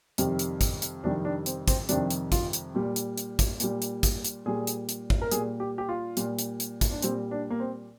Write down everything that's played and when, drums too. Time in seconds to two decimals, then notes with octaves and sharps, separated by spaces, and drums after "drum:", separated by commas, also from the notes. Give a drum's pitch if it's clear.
0.18 F2 C3 D#3 G3, drum: hi-hat
0.39 drum: hi-hat
0.61 drum: kick, hi-hat
0.82 drum: hi-hat
1.04 F2 C3 D#3 G3 D4
1.25 D4
1.46 C4, drum: hi-hat
1.68 C4, drum: kick, hi-hat
1.89 F2 C3 D#3 G3 D4, drum: hi-hat
2.10 drum: hi-hat
2.32 F4, drum: kick, hi-hat
2.53 drum: hi-hat
2.75 A#2 G3
2.96 drum: hi-hat
3.18 drum: hi-hat
3.39 drum: kick, hi-hat
3.60 A#2 G3, drum: hi-hat
3.82 drum: hi-hat
4.03 drum: kick, hi-hat
4.25 drum: hi-hat
4.46 A#2 G3 G#4
4.67 drum: hi-hat
4.89 drum: hi-hat
5.10 drum: kick
5.22 A#4
5.32 A#2 G3 G#4, drum: hi-hat
5.60 G4
5.78 G4
5.89 F4
6.17 A#2 G3, drum: hi-hat
6.39 drum: hi-hat
6.60 drum: hi-hat
6.81 drum: kick, hi-hat
6.91 D4
7.02 A#2 G3 C4, drum: hi-hat
7.31 D4
7.50 A#3
7.60 C4